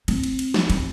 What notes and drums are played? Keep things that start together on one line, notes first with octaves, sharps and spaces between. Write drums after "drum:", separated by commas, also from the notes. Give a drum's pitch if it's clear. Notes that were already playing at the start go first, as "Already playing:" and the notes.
C4, drum: cymbal
drum: cymbal
drum: cymbal
drum: snare
C4, drum: cymbal